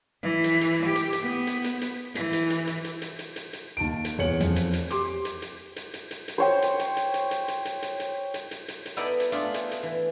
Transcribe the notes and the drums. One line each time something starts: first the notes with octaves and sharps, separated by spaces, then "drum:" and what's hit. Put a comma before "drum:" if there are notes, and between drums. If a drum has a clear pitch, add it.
E3
drum: hi-hat
drum: hi-hat
G4
drum: hi-hat
drum: hi-hat
B3
drum: hi-hat
drum: hi-hat
drum: hi-hat
E3, drum: hi-hat
drum: hi-hat
drum: hi-hat
drum: hi-hat
drum: hi-hat
drum: hi-hat
drum: hi-hat
drum: hi-hat
drum: hi-hat
D#2 A5 D7
drum: hi-hat
E2 C#5 C#7 F#7
F2, drum: hi-hat
drum: hi-hat
drum: hi-hat
G4 C6 D6, drum: hi-hat
drum: hi-hat
drum: hi-hat
drum: hi-hat
drum: hi-hat
drum: hi-hat
drum: hi-hat
C5 C#5 G5
drum: hi-hat
drum: hi-hat
drum: hi-hat
drum: hi-hat
drum: hi-hat
drum: hi-hat
drum: hi-hat
drum: hi-hat
drum: hi-hat
drum: hi-hat
drum: hi-hat
drum: hi-hat
drum: hi-hat
B3 D#4 E4 A4 D5 D#5
drum: hi-hat
A3 D4 F4 G#4
drum: hi-hat
drum: hi-hat
E3